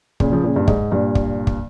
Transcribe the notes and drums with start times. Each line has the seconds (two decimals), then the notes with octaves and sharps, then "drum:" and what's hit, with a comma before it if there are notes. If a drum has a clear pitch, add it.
0.20 A#2 C#3, drum: kick
0.32 C#3 F3
0.44 A#2 C#3
0.56 G2 A#2
0.68 G#2, drum: kick
0.92 G2 A#2
1.15 drum: kick
1.47 drum: kick